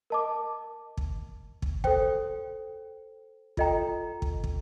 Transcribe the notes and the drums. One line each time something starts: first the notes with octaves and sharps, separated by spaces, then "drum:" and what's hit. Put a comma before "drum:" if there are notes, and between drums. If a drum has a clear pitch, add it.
A#4 D#5 A5 D6
drum: kick
drum: kick
A4 C5 G5, drum: kick
F4 A4 D#5 G5 A#5, drum: kick
drum: kick
drum: kick